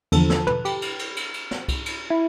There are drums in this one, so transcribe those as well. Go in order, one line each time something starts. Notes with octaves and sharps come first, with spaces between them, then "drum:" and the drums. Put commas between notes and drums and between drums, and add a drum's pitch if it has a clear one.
E2 D3 F3 A4, drum: cymbal
A4, drum: snare
B4, drum: tom
G4, drum: cymbal
drum: cymbal
drum: cymbal
drum: cymbal
drum: cymbal
drum: snare
drum: kick C2, cymbal
drum: cymbal
E4